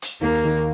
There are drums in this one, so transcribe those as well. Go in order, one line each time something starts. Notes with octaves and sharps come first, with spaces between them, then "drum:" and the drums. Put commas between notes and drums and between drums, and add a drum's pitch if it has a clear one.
drum: hi-hat
D#2 A#3
D#3